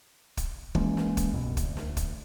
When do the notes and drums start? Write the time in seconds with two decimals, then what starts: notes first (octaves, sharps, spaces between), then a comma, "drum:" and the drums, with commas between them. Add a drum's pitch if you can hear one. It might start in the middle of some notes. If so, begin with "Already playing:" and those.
0.37 drum: kick, hi-hat
0.75 E3 G#3 A#3 C#4, drum: kick
0.97 drum: snare
1.17 drum: kick, hi-hat
1.32 C2 F#2 B2
1.57 D2, drum: kick, hi-hat
1.77 drum: snare
1.97 drum: kick, hi-hat